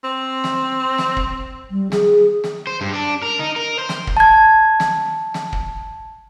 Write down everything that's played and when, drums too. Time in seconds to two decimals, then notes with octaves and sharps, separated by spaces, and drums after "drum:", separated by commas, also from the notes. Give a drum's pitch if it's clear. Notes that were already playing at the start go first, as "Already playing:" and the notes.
0.04 C4
0.44 drum: snare
0.98 drum: snare
1.17 drum: kick
1.71 G3
1.92 G#4, drum: snare
2.44 drum: snare
2.67 C5
2.81 G2
2.93 D4
3.22 A#4
3.39 D#4
3.56 A#4
3.79 C5
3.89 drum: snare
4.07 drum: kick
4.17 A5 G#6
4.80 drum: snare
5.34 drum: snare
5.53 drum: kick